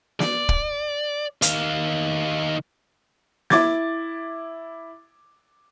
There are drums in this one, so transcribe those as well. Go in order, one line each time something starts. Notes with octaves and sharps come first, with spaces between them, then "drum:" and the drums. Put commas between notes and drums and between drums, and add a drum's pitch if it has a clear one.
D5, drum: snare
drum: kick
D#3 F5, drum: hi-hat
E4 D6 G#6 A6, drum: snare